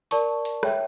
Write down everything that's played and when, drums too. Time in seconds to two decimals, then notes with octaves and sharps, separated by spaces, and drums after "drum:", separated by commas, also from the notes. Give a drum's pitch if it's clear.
0.11 A#4 D5 A5 C#6, drum: hi-hat
0.45 drum: hi-hat
0.63 C#5 E5 G5, drum: rim click